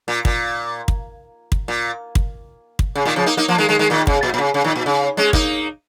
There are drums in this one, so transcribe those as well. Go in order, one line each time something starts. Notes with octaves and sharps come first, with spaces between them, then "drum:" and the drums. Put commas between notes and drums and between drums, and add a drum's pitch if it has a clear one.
A#2
A#2, drum: kick
drum: kick
drum: kick
A#2
drum: kick
drum: kick
C#3
A#2 D#3
C#3 F3
A#3 D#4
A#3 D#4
F3 A#3
D#3 G#3
D#3 G#3
D#3 G#3
A#2 D#3
C#3, drum: kick
A#2
A#2
C#3
C#3
A#2 D#3
A#2
C#3
G#3 C#4
A#3 D#4, drum: kick